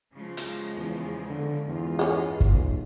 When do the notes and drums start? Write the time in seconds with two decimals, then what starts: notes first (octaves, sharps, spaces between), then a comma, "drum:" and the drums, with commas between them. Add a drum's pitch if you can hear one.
0.12 C#3 F3 G#3
0.37 drum: hi-hat
0.77 E2
1.30 D3
1.68 E2 G#2 F4
1.99 G#3 C#4
2.40 drum: kick
2.51 B1